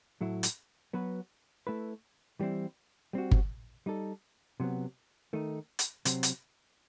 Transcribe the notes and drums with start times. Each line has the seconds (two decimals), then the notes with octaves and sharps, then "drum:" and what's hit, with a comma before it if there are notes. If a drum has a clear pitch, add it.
0.21 A2 F#3 A3 E4
0.43 drum: hi-hat
0.93 F#3 B3 F#4 B4
1.67 A3 E4 B4
2.39 E3 G3 C4 E4
3.13 G3 C4 F#4
3.31 drum: kick G1
3.86 G3 D#4 A4
4.60 C3 F#3 B3
5.33 D#3 A3 D#4
5.79 drum: hi-hat
6.05 C3 F#3 C4, drum: hi-hat
6.23 drum: hi-hat